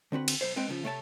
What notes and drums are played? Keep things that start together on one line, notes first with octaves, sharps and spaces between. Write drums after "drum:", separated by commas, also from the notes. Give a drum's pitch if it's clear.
D3 C4 F#4 B4
drum: cymbal
B1 C5
G#3 C4 B4 D#5 G5
C#3 F3
C3 A3 C#5 G5 A5